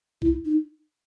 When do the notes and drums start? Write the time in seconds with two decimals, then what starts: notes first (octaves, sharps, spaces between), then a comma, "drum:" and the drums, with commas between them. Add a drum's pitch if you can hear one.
0.22 E4, drum: kick
0.45 D#4